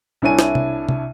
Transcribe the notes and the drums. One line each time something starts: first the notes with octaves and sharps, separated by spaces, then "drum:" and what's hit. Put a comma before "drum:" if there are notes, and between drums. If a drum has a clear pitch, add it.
C2 D4 E4 C#5 G#5 D#7
drum: snare
drum: tom C3
drum: tom C3